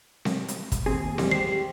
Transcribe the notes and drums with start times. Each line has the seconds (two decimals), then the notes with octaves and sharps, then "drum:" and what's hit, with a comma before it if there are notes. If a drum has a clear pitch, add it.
0.25 drum: snare C4
0.48 drum: hi-hat
0.72 drum: kick, hi-hat
0.86 D#2 C4 G#4
1.18 E3 G3 G#3, drum: snare C4
1.31 G4 C5 C7